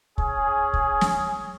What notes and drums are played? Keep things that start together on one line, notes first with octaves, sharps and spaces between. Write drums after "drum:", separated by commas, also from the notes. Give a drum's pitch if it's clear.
C#4 G#4, drum: kick
drum: kick
drum: snare